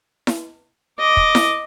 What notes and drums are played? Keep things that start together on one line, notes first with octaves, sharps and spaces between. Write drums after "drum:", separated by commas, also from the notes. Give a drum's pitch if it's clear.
drum: snare E4
D#5 D6
drum: kick
drum: snare E4